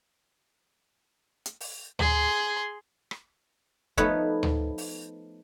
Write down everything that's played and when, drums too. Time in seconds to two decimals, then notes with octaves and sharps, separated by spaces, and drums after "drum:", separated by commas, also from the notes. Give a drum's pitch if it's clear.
1.46 drum: hi-hat
1.60 drum: open hi-hat
1.99 G#4 C6, drum: tom D2
3.11 drum: rim click
3.97 F3 A3 B3 D#4 B4 C#5, drum: kick
4.43 drum: tom D2
4.78 drum: open hi-hat